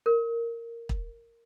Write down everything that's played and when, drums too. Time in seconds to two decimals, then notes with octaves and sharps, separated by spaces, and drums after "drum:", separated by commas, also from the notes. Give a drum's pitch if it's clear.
0.06 A#4
0.89 drum: kick